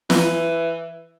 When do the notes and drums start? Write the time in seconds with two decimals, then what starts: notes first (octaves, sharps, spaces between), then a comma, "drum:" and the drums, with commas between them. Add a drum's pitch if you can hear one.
0.10 E3, drum: snare